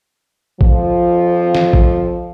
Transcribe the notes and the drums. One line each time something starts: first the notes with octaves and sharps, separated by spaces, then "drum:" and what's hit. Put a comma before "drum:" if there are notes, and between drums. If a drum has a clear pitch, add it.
F2 F3, drum: kick A1
drum: snare
drum: kick A1